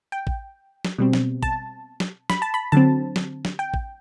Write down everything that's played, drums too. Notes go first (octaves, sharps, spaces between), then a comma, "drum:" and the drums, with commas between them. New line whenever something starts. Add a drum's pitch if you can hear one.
G5
drum: kick A1
drum: snare
B2 G3 C4
drum: snare
A5, drum: kick A1
drum: snare
B5, drum: snare
A5
B5
D3 F#3 C4 A5
drum: snare
drum: snare
G5
drum: kick A1